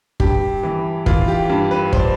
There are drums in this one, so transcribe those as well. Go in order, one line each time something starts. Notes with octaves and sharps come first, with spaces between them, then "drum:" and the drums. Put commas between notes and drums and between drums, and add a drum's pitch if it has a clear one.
G2 G4, drum: kick
E3
E3 F4, drum: kick
G4
G2
B4
C5, drum: kick
D5